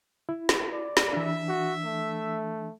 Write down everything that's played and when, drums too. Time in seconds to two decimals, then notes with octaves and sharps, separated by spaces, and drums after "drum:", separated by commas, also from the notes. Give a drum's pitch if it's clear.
0.29 E4
0.49 drum: snare
0.73 D5
0.97 drum: snare
1.13 E3 D4 E5
1.48 F#4
1.85 A3